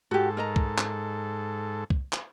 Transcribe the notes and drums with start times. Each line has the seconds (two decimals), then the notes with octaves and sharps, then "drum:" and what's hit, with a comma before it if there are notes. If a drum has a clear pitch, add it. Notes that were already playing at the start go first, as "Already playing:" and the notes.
0.11 G#2 F#4 G4 A4
0.37 A#4 D#5 A#5
0.56 drum: kick
0.78 drum: clap
1.90 drum: kick
2.13 drum: clap